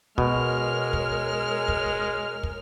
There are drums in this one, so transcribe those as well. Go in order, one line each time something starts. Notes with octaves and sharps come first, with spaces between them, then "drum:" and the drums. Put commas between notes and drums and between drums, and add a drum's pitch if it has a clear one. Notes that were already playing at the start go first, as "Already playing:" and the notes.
B2 G#3 A#4 C#5 F6, drum: kick
drum: kick
drum: kick
drum: kick